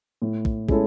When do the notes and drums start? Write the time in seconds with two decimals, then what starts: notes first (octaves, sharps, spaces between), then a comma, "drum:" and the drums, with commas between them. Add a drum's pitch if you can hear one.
0.22 A2
0.45 drum: kick
0.69 G#3 C#4 E4 A4, drum: kick